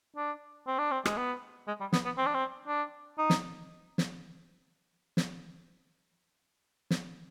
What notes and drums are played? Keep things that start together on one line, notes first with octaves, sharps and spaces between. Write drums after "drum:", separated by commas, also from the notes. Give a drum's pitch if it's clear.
D4
C4
D4
C4
G#3, drum: rim click
B3
G#3
G3
B3, drum: snare
B3
C4
D4
C4
D4
D#4
drum: snare
drum: snare
drum: snare
drum: snare